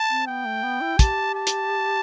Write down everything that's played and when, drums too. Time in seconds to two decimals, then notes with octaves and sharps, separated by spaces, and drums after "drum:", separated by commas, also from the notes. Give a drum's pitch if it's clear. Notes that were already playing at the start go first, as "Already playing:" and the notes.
Already playing: A5
0.10 C4
0.27 B3 G5
0.45 A3
0.63 B3
0.81 E4
0.99 G4 A5, drum: kick, hi-hat
1.35 A5
1.47 drum: hi-hat